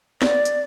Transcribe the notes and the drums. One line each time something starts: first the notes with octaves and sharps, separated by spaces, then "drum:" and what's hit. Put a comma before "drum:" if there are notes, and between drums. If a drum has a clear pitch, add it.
D5, drum: snare
drum: hi-hat